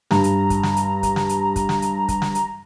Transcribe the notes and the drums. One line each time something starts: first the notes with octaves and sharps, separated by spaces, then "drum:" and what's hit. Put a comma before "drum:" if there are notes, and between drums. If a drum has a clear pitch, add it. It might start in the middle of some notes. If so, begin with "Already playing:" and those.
G2 A#5, drum: snare
drum: hi-hat
drum: kick, hi-hat
drum: snare
drum: hi-hat
drum: kick, hi-hat
drum: snare
drum: hi-hat
drum: kick, hi-hat
drum: snare
drum: hi-hat
drum: kick, hi-hat
drum: snare
drum: hi-hat